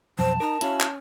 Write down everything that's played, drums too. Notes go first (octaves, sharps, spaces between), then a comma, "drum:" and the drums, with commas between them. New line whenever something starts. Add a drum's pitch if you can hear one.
B1 F2 C5 A5
D#4 A#4 A#5
C#4 E4 F#4 F5, drum: hi-hat
drum: clap